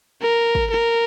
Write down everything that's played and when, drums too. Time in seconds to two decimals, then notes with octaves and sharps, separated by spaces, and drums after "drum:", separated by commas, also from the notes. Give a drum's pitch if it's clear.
0.22 A#4
0.55 drum: kick
0.71 A#4